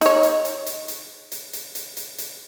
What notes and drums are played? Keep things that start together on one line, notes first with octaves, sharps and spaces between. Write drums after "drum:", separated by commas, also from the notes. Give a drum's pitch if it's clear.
D#4 C#5, drum: hi-hat
drum: hi-hat
drum: hi-hat
drum: hi-hat
drum: hi-hat
drum: hi-hat
drum: hi-hat
drum: hi-hat
drum: hi-hat
drum: hi-hat